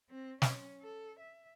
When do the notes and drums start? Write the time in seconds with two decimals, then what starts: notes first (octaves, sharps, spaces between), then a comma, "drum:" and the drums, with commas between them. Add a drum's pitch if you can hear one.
0.10 C4
0.42 C#4, drum: snare
0.81 A4
1.19 E5